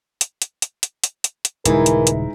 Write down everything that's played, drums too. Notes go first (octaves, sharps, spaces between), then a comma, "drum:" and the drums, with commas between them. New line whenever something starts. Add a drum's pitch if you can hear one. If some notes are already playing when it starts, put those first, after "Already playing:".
drum: hi-hat
drum: hi-hat
drum: hi-hat
drum: hi-hat
drum: hi-hat
drum: hi-hat
drum: hi-hat
D#1 C#3 E3 G#3 D#4 E4 A#4, drum: hi-hat
drum: hi-hat
drum: hi-hat